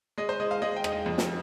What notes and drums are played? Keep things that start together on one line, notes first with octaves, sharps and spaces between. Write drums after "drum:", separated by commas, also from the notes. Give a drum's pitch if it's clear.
G#3 D#5
C5
G#3 D#5
F5
G#3 D#5
G5
D#4, drum: rim click
D#5
F2
drum: snare